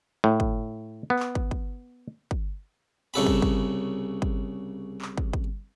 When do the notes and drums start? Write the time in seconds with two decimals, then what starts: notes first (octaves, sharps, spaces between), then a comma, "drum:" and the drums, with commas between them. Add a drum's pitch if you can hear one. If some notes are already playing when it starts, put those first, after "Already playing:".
0.24 A2
0.40 drum: kick
1.10 B3
1.19 drum: clap
1.35 drum: kick
1.51 drum: kick
2.31 drum: kick
3.14 C2 C#3 A4 B5
3.26 drum: kick
3.42 drum: kick
4.22 drum: kick
5.02 drum: clap
5.18 drum: kick
5.33 drum: kick